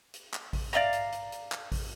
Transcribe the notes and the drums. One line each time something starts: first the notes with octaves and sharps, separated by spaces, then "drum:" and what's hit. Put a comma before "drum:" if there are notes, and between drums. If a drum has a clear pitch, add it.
drum: hi-hat
drum: clap
drum: kick A1, open hi-hat
D5 D#5 F5 A#5, drum: hi-hat
drum: hi-hat
drum: hi-hat
drum: hi-hat
drum: clap
drum: kick A1, open hi-hat